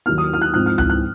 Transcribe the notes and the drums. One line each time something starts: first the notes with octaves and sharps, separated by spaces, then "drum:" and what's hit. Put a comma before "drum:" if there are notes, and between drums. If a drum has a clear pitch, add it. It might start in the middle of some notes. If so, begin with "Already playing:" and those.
D#2 D#3 F#3 A#3 F6
D#6
F6
F#6
G#2 F3 C4 D#4 F#6
F6
F#6, drum: tom C#2
F#6